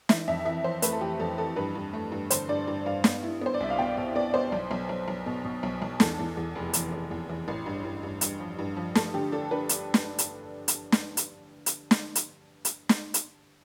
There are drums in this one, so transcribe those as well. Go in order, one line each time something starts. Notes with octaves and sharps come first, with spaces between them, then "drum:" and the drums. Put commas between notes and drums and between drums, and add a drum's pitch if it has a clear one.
E3 E5, drum: snare
F2 E5
E3 E5
E3 C5
A3 B4, drum: hi-hat
A4
E3 G4
F2 A4
E3 A4
G2 B4
G2
A3
G2
D3 C5, drum: hi-hat
G2 D5
G2
G2 F5
B3, drum: snare
E4
B3 C5
D5
C2 E5
F5
B2 G5
B2 F5
B3 D5
B3 C5
B1
B1
B1
B1
B2
B2
B1
B1
E2 A4, drum: snare
E2
E2
F1
E3, drum: hi-hat
E3
E2
E3
A1
G2
G2
G2
G2, drum: hi-hat
F3
G2
F3
A3 A4, drum: snare
D3 G4
D4 A4
D4 B4
drum: hi-hat
drum: snare
drum: hi-hat
drum: hi-hat
drum: snare
drum: hi-hat
drum: hi-hat
drum: snare
drum: hi-hat
drum: hi-hat
drum: snare
drum: hi-hat